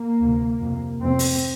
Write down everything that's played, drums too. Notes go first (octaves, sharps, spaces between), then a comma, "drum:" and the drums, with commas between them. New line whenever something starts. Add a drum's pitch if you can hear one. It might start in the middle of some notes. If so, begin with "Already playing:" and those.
Already playing: A#3
D2 C3
F2 C3
F2 C3 C4
drum: open hi-hat